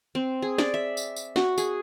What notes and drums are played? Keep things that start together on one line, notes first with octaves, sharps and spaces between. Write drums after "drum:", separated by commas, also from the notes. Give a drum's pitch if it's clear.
C4
G#4
D5, drum: snare
E5
drum: tambourine
drum: tambourine
F#4, drum: snare
G#4, drum: tambourine